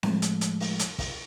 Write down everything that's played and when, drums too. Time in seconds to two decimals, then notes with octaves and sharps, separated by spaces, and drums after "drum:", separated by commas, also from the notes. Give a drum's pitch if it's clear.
0.03 A2 F3 G#3 A3, drum: snare C4
0.22 drum: hi-hat
0.41 drum: hi-hat
0.60 drum: open hi-hat
0.79 drum: hi-hat
0.99 drum: kick, open hi-hat